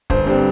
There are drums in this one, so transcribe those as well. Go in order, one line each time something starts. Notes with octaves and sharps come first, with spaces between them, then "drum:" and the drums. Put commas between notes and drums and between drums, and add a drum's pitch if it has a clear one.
G1 C5, drum: kick
G2 G3 C4 C5